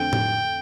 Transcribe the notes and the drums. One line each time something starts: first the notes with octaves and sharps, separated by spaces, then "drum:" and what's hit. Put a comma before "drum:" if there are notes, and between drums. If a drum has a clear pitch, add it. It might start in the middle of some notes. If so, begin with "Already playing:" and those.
Already playing: F2 D3 A3 C4 G5
drum: tom A2